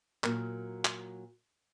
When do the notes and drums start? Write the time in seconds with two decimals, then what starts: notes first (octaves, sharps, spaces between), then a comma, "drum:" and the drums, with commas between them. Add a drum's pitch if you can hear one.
0.24 A#2 F#3 A#4, drum: clap
0.85 drum: clap